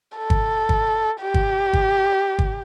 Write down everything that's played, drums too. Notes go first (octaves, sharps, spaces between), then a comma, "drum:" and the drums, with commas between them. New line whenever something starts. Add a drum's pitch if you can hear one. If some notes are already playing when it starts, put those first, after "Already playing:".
A4
drum: kick G1
drum: kick G1
G4
drum: kick G1
drum: kick G1
drum: kick G1